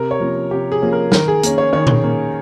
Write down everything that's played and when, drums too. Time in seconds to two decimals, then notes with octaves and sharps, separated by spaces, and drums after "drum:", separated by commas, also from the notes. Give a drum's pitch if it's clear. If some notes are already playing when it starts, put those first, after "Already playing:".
Already playing: C3 A#4
0.11 C#5
0.20 F3 A#3 C#4
0.51 C3 G4
0.72 G#4
0.82 F3 A#3 C#4
0.93 A#4
1.12 D#3 A#4, drum: snare
1.28 G#4
1.43 A#3 C#4, drum: hi-hat
1.58 C#5
1.73 D#3 C#5
1.87 drum: tom A#2
2.04 A#3 C#4